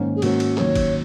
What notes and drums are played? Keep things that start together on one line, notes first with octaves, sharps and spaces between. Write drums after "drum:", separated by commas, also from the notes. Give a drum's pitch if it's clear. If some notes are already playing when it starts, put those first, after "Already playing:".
Already playing: G#2 D#3 A#3 C#4
G#4
G#2 D#3 A#3 C#4 F#4, drum: cymbal
drum: cymbal
D#2 D#3 F#3 C#5, drum: clap
drum: kick F#1, cymbal